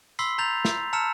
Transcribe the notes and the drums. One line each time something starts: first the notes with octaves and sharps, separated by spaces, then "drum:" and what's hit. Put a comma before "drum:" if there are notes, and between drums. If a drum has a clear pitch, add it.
B5 C6 E6 B6 C7, drum: tambourine
A#5 G6 A6 F7
drum: snare
A5 A#5 E6 F6 C#7 E7